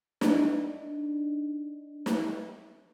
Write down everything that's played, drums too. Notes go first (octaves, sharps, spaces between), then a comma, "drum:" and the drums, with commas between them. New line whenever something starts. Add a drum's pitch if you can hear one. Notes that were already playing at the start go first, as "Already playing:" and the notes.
D4 D#4, drum: snare
drum: snare